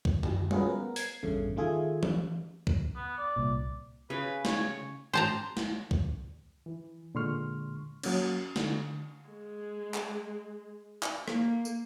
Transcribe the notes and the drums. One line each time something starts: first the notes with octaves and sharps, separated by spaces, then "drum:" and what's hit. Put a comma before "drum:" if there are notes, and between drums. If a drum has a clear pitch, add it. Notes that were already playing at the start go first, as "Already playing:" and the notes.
drum: kick
drum: tom F#2
C#4 F4 F#4 G#4 A#4 B4, drum: tom
B3 A#4
G#6 C7, drum: open hi-hat
A1 E2 G2 C#3 A3
D#3 A3 F4 G#4 E5 G#5
drum: tom E3
drum: kick
B3
D5
C2 A#2
C#3 B4
C#5, drum: snare
C5 A5 A#5
drum: snare
drum: kick
E3
A#2 D3 G#3 C6 C#6 F6
F#3 A#3 C#4, drum: cymbal
D3, drum: snare
G#3
drum: clap
drum: clap
A#3, drum: rim click
drum: tambourine